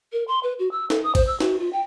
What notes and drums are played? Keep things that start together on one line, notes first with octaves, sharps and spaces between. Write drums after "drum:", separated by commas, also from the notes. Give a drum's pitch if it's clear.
A#4
C6
B4
F#4
E6
A4, drum: snare
D#6
C5, drum: kick G#1, cymbal
E6
F#4, drum: snare
F4
G5